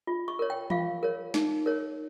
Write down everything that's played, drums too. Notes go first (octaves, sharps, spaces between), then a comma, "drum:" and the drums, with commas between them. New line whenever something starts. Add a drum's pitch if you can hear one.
F4
C#6
A#4 C#5
G5
F4 F5, drum: tom E3
A#4 C#5
D#4, drum: snare
A#4 C#5